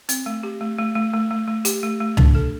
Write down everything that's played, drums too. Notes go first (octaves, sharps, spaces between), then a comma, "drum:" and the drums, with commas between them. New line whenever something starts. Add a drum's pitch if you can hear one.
C4, drum: hi-hat
A3
G4
A3
A3
A3
A3
A3
A3
G4, drum: hi-hat
A3
A3
D4, drum: tom C#2
A4